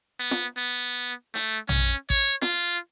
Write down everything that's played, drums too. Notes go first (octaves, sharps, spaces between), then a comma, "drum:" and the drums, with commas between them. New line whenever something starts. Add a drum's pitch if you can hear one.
B3
drum: snare
B3
A3, drum: hi-hat
C#4, drum: tom
C#5, drum: kick A1
F4, drum: snare